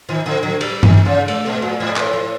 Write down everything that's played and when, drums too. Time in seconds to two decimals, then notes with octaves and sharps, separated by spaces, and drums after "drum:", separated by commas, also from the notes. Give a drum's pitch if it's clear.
0.09 D#3 F3
0.26 D3 F3
0.43 D3 F#3
0.61 G3, drum: cymbal
0.83 D#3, drum: tom G2
1.05 C#3
1.28 A3, drum: cymbal
1.45 B2 A3
1.62 A#2 F#3
1.80 G#2 F3
1.97 A2 E3, drum: clap
2.13 F3